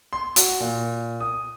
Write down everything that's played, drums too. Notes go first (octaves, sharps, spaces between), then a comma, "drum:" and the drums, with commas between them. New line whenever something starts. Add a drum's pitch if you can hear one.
C6
F#4, drum: hi-hat
A#2
D#6